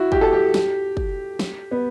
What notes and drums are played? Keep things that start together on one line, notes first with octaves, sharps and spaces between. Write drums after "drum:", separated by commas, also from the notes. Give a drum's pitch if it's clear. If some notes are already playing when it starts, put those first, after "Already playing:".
Already playing: E4 F#4
G4, drum: kick
A4
G4
drum: snare
drum: kick
drum: snare
B3